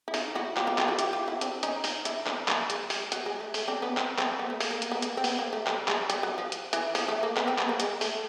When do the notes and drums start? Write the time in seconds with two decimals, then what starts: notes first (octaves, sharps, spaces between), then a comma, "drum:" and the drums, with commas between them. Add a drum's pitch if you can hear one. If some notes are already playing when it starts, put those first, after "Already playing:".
0.08 E4
0.14 D#4 F4, drum: open hi-hat
0.35 E4 F#4
0.57 F4 G4, drum: clap
0.67 F4 G4
0.78 F4 G4, drum: clap
0.88 E4 F#4
0.99 F4 G4, drum: hi-hat
1.13 F4 G4
1.28 E4 F#4
1.41 C4 D4, drum: hi-hat
1.63 C#4 D#4, drum: hi-hat
1.84 D#4 F4, drum: open hi-hat
2.05 D4 E4, drum: hi-hat
2.27 C4 D4, drum: clap
2.48 A#3, drum: clap
2.70 G#3, drum: hi-hat
2.90 G3, drum: open hi-hat
3.12 F#3, drum: hi-hat
3.26 G#3
3.40 A3
3.54 A3, drum: open hi-hat
3.68 C4 D4
3.82 B3 C#4
3.97 C4, drum: clap
4.18 C4, drum: clap
4.39 B3
4.50 A3
4.60 A#3, drum: open hi-hat
4.71 A#3
4.82 A#3, drum: hi-hat
4.92 B3
5.02 A#3, drum: hi-hat
5.17 C4
5.24 B3, drum: open hi-hat
5.39 A#3
5.53 A3
5.67 G3, drum: clap
5.88 G#3, drum: clap
6.10 G3, drum: hi-hat
6.23 F#3
6.38 F3
6.52 drum: hi-hat
6.73 E3, drum: hi-hat
6.95 F3, drum: open hi-hat
7.08 A3
7.23 A#3
7.37 B3, drum: clap
7.48 C4
7.58 B3, drum: clap
7.69 A#3
7.80 G#3, drum: hi-hat
8.01 A3, drum: open hi-hat